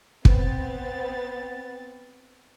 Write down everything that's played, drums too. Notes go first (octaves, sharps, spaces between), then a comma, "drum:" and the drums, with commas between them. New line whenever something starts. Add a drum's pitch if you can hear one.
B3 C4 A6, drum: kick